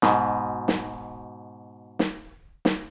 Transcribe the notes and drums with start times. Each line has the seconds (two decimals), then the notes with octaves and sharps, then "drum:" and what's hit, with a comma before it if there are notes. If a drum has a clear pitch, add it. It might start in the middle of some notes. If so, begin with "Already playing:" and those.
0.02 G#2 B2, drum: snare
0.68 drum: snare
1.99 drum: snare
2.65 drum: snare